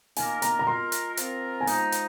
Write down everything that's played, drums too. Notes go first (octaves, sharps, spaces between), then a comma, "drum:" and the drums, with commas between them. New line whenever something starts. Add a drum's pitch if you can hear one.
D#3 A#3 F4 A#4 G#5, drum: open hi-hat
A#5, drum: hi-hat
A#5
G#3 F4 A#4 C6
drum: hi-hat
F3 C4 F4 A#4, drum: hi-hat
G#5
F3 G#3 D#4 A#5, drum: open hi-hat
drum: hi-hat